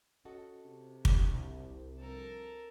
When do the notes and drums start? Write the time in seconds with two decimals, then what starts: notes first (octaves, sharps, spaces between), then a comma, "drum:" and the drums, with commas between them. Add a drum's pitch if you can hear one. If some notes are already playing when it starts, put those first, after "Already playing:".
0.25 C#4 F#4 A4 D#5
0.64 C3
1.05 C2 D4 F#4 G4, drum: kick
2.00 F2 C4 A4 A#4